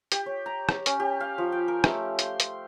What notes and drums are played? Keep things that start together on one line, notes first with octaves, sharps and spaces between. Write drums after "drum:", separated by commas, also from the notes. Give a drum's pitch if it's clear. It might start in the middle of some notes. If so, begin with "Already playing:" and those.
G4, drum: hi-hat
C#5
A#5
drum: rim click
C#4, drum: hi-hat
G4
F5
F3
G5
A#4
A3, drum: rim click
C6, drum: hi-hat
drum: hi-hat